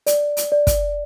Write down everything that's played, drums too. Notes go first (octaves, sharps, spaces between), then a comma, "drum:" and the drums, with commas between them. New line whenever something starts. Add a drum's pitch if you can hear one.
D5, drum: hi-hat
drum: hi-hat
D5
drum: kick, hi-hat